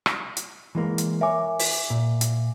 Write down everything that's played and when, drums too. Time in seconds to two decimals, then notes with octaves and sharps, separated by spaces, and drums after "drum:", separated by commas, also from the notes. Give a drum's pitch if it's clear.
0.06 drum: rim click
0.37 drum: hi-hat
0.75 E3 G#3 A#3
0.98 drum: hi-hat
1.21 A#4 C#5 E5 G#5 D6
1.59 drum: open hi-hat
1.90 A#2
2.21 drum: hi-hat